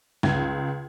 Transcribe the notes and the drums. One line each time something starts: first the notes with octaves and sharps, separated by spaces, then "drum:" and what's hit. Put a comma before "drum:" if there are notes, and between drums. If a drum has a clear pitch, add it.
C#2 G#6, drum: snare